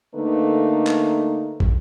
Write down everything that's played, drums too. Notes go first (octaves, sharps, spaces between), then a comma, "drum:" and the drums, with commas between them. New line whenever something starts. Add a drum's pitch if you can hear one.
D3 A3 A#3 D#4 B4
drum: clap
drum: kick